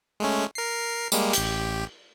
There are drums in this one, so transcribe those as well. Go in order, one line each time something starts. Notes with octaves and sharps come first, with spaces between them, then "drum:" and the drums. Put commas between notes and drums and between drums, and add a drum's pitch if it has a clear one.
G#3 A3 C#4
A#4 C7
G3 G#3 A#3, drum: tambourine
A1 G4, drum: hi-hat